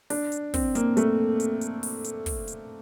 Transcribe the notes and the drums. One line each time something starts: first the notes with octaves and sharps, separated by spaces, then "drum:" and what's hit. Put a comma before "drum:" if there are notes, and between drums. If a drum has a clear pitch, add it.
D4, drum: open hi-hat
drum: hi-hat
C4, drum: kick, open hi-hat
A#3, drum: hi-hat
A3, drum: hi-hat
drum: hi-hat
drum: hi-hat
drum: open hi-hat
drum: hi-hat
drum: kick, open hi-hat
drum: hi-hat